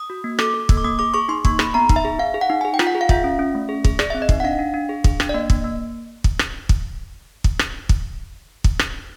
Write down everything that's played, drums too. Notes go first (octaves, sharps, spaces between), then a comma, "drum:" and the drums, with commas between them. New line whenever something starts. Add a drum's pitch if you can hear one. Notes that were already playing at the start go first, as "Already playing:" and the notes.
Already playing: D#6
F#4
A#3
A4 D6, drum: rim click
A4
A#3, drum: kick
D6
A#3 D#6
G#4 D6
G#4 C#6
D#4 C6
A#3 C#6, drum: kick
G#4 B5, drum: rim click
B3 A#5
D#4, drum: kick
E5
G#4
D#4 F5
G#4
F#5
D#4
G#4 G#5
G5
F4, drum: rim click
F#5
G#4
F5
F4 E5, drum: kick
C#4
C#4
A3
G#4
G#4, drum: kick
G#4 D5, drum: rim click
C4 E5
D#5
D#4, drum: kick
F#5
D4 F5
D4
D4
G#4
G#4, drum: kick
D4, drum: rim click
D5
A#3 D#5
A#3, drum: kick
A#3
drum: kick
drum: rim click
drum: kick
drum: kick
drum: rim click
drum: kick
drum: kick
drum: rim click